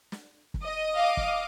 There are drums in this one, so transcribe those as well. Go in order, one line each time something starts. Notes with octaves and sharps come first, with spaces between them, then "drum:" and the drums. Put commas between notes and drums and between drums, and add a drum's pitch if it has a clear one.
drum: snare
drum: kick
D#5
F5 D6
drum: kick